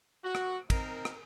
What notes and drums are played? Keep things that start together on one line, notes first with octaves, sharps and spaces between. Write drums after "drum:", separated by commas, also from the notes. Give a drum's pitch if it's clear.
F#4
drum: rim click
C4 D#4 A#4, drum: kick, cymbal
drum: rim click